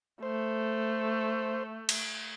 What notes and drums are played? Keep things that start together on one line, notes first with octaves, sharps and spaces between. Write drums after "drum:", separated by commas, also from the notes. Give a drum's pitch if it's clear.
A3 C5
drum: cymbal